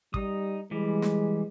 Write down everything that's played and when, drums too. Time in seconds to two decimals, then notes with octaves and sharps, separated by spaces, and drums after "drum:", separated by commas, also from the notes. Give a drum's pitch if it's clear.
0.14 G3 D#4 D#6, drum: kick
0.71 E3 G3 G#3
1.02 drum: snare